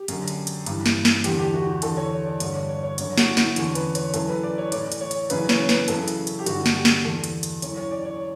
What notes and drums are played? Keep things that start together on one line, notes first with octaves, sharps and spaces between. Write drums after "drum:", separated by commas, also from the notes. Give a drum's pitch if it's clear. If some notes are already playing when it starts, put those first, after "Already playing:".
Already playing: G4
F#2 D3, drum: hi-hat
drum: hi-hat
drum: hi-hat
G2 E3, drum: hi-hat
drum: snare
drum: snare
E2 D3 G4, drum: hi-hat
G4
F#4
G4
E2 D3 A4, drum: hi-hat
C#5
C#5
D5
G2 D3 C#5, drum: hi-hat
D5
C#5
C#5
F#2 D3 C#5, drum: hi-hat
F#4, drum: snare
E4, drum: snare
E2 D3 C#4, drum: hi-hat
B4, drum: hi-hat
C#5, drum: hi-hat
F#2 E3 A4, drum: hi-hat
B4
D5
C#5
A2 E3 D5, drum: hi-hat
drum: hi-hat
C#5
drum: hi-hat
F#2 C#3 E3 B4, drum: hi-hat
C#5, drum: snare
B4, drum: snare
F#2 C#3 E3 A4, drum: hi-hat
drum: hi-hat
drum: hi-hat
G4
G2 D3 F#4, drum: hi-hat
drum: snare
G4
drum: snare
E2 D3 A4
drum: hi-hat
drum: hi-hat
F#2 E3 C#5, drum: hi-hat
C#5
D5
C#5